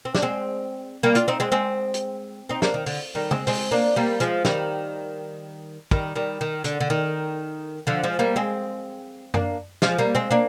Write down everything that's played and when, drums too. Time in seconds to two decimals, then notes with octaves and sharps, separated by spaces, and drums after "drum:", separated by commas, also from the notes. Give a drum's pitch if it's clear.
0.05 C4
0.15 D4, drum: snare
0.22 G#3 C4
1.03 G3 A#3
1.15 D4 F4, drum: hi-hat
1.28 C4 D#4
1.40 G#3 C4
1.52 G#3 C4
1.94 drum: hi-hat
2.49 C4 D#4
2.62 A#3 D4, drum: snare
2.74 D#3
2.86 D3, drum: open hi-hat
3.15 D#3 G3
3.31 G#3 C4, drum: tom
3.47 G#3 C4, drum: open hi-hat
3.71 A#3 D4
3.96 G3 A#3
4.20 F3 G#3, drum: hi-hat
4.45 D#3 G3, drum: snare
5.91 D#3 G3, drum: kick
6.15 D#3 G3
6.41 D#3
6.64 D3, drum: hi-hat
6.80 D3
6.90 D#3
7.87 D3 F3
8.03 F3 G#3
8.19 G3 A#3
8.36 G#3 C4
9.34 A#3 D4, drum: tom F#2
9.82 F3 G#3, drum: snare
9.98 G3 A#3
10.15 G#3 C4
10.31 A#3 D4